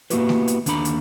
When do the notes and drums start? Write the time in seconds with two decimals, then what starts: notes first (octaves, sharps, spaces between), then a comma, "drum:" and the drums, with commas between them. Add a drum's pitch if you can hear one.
0.10 A#3 B3 E4 F#4 G4 B4, drum: hi-hat
0.29 drum: snare A3
0.48 drum: hi-hat
0.66 D#2 D3 D4 A#5 B5, drum: hi-hat
0.85 drum: hi-hat